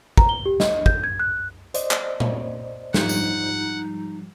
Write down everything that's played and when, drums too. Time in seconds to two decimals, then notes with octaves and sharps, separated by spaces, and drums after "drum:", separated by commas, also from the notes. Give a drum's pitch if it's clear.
0.17 A#5, drum: kick
0.29 G7
0.46 G4
0.60 D#5, drum: snare
0.86 G6, drum: kick
1.04 G#6
1.20 F#6
1.74 C5 D5 D#5, drum: hi-hat
1.91 drum: clap
2.20 drum: tom A#2
2.94 G#2 F3 G3 D#4 F#5, drum: snare
3.09 drum: tambourine